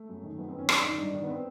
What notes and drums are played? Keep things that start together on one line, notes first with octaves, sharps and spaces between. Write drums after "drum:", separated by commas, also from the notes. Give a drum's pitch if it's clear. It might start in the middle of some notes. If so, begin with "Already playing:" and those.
Already playing: A3
F#2
D#3
F#2 B3
C4
D#3 C#4
F#2 D4, drum: rim click
D#3 D#4
G2 D4
D#3
B3
C4